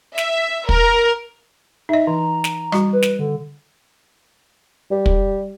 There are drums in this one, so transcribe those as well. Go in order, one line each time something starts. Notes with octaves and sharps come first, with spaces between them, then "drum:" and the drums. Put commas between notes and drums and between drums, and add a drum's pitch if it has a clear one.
E5, drum: snare
A#4, drum: kick
D#4 D#5 E5
E3 A#5
drum: snare
G3 F#4, drum: rim click
B4
drum: snare
D3
G3
drum: kick